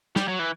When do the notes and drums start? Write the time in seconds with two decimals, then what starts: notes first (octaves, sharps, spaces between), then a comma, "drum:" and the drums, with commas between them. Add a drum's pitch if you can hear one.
0.16 G3, drum: snare
0.28 F#3
0.39 E3